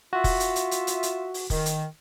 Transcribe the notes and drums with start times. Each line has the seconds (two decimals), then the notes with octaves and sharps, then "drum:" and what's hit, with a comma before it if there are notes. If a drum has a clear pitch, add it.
0.13 F4 F#4 E5
0.24 drum: kick, open hi-hat
0.40 drum: hi-hat
0.56 drum: hi-hat
0.71 drum: hi-hat
0.87 drum: hi-hat
1.03 drum: hi-hat
1.34 drum: open hi-hat
1.50 D#3, drum: kick, open hi-hat
1.66 drum: hi-hat